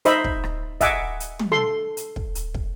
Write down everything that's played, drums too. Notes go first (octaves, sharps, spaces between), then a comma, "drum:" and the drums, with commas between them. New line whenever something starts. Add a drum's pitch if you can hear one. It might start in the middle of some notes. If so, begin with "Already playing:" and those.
D#4 C5 D#5 E5 B5, drum: hi-hat
drum: kick
drum: rim click
D#5 E5 F#5 G#5 D6, drum: kick, hi-hat
drum: hi-hat
drum: tom
A4 C6
drum: hi-hat
drum: kick
drum: hi-hat
drum: kick